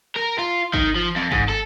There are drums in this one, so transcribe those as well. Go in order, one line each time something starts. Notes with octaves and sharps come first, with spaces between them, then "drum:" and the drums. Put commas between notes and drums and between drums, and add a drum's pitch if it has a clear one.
A#4
F4
D#3, drum: kick
F3
F2
G#2, drum: kick
A4